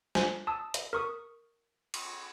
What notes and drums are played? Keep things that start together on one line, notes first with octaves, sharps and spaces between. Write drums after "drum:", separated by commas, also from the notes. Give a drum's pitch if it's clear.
F4 C5 G#5, drum: snare
A5 D#6 E6
drum: hi-hat
A#4 C#6 D#6
drum: cymbal